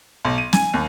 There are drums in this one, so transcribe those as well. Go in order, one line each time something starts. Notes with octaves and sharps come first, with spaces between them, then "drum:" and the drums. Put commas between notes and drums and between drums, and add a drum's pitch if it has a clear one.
B1
D#7
G#5, drum: snare
D#2